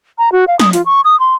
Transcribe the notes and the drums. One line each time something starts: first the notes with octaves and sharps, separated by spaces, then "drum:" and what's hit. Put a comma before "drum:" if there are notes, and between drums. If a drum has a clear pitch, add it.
A#5
F#4
F5
D#6, drum: snare
F4, drum: hi-hat
C#6
D#6
C6